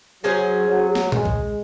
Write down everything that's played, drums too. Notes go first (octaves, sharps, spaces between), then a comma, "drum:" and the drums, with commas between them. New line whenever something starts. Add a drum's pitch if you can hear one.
F#3 G#3 C#4 G#4 C5
F#3
drum: snare
G#3, drum: tom A#2
drum: kick